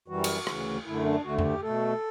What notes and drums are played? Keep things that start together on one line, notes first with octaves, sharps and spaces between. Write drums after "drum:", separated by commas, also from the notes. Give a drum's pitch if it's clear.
F#2 E3 G3 F#4
drum: cymbal
D2 C#3 E3, drum: rim click
F#2 D3 A3 E4
D4
D2 D3 A3 F#4
F#4, drum: tom F2
G4
B2 A3 A4